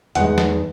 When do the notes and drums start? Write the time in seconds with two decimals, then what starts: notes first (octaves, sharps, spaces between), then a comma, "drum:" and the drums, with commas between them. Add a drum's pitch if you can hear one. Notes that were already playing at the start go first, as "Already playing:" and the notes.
0.15 E2 D#3 G#3 F#5, drum: hi-hat
0.38 drum: snare